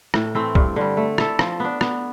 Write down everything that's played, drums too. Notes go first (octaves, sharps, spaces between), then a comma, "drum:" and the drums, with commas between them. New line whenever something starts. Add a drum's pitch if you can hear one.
A2, drum: rim click
E3 A3 C4
G2, drum: kick C2
D3 G3
A3
E4 A4, drum: rim click
F3, drum: rim click
B3 D4
B3, drum: rim click